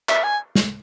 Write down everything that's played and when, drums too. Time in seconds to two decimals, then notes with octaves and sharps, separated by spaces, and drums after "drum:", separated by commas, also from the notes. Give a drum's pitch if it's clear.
0.09 E5, drum: clap
0.23 G#5
0.55 drum: snare